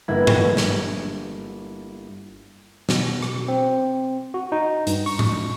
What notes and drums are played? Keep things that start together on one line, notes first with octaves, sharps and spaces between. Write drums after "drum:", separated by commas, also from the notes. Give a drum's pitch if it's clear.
G1 A#3 E4 G#6
drum: tom G2
drum: snare
B2, drum: snare
drum: rim click
C4
F#4
D#4
G2, drum: hi-hat
C#6, drum: open hi-hat
drum: tom G#2